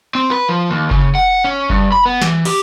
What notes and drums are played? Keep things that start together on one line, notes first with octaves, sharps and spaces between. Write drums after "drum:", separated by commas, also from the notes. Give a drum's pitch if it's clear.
C4
B4
F3
D#2
C#3, drum: kick F#1
F#5
C#4
G2, drum: kick F#1
B5
B3
E3, drum: snare
G4, drum: cymbal